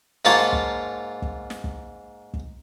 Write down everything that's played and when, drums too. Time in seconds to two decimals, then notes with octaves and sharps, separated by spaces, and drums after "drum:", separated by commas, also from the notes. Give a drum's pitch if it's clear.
0.25 G#2 A#3 F4 C#5 A5
0.39 drum: snare
0.53 drum: kick
1.22 drum: kick
1.50 drum: snare
1.64 drum: kick
2.34 drum: kick